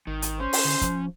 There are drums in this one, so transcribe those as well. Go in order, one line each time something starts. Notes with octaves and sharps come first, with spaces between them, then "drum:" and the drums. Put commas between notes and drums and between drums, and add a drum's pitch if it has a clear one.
G#1 D#3
drum: hi-hat
C#4 C5
drum: open hi-hat
D3
F3, drum: kick, hi-hat